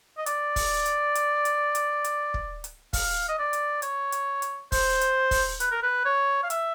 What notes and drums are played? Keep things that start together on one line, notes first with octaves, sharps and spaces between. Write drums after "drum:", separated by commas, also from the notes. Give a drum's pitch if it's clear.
D#5
D5, drum: hi-hat
drum: kick, open hi-hat
drum: hi-hat
drum: hi-hat
drum: hi-hat
drum: hi-hat
drum: hi-hat
drum: kick
drum: hi-hat
F5, drum: kick, open hi-hat
D#5
D5
drum: hi-hat
C#5, drum: hi-hat
drum: hi-hat
drum: hi-hat
C5, drum: kick, open hi-hat
drum: hi-hat
drum: kick, open hi-hat
B4, drum: hi-hat
A#4
B4
C#5
F5
E5, drum: hi-hat